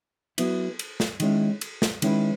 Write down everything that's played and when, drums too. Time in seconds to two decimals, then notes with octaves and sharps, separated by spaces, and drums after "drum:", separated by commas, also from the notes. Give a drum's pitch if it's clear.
0.38 F#3 B3 E4, drum: cymbal
0.79 drum: cymbal
1.00 drum: snare
1.20 D#3 G#3 C#4 E4, drum: cymbal
1.61 drum: cymbal
1.82 drum: snare
2.02 D#3 G#3 C#4 E4 B4, drum: cymbal